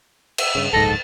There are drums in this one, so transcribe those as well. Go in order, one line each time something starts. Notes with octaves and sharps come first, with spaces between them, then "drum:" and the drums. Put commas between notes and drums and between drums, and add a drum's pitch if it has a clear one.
E5, drum: cymbal
G2 C#3
D1 A#1 G#2 A4 A#6
A6